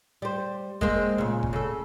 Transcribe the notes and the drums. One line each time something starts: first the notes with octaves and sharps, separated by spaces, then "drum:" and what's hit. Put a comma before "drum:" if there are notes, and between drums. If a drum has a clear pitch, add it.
G3 C5
G#3 A#3 C4, drum: kick F1
A#2 C#3
drum: kick F1
C#3 A4